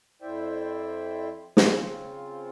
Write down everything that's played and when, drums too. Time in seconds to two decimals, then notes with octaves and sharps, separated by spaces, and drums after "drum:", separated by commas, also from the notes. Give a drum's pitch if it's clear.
0.22 F2 E4 C5 D5 E5 G5
1.57 C#3 C4 F4, drum: snare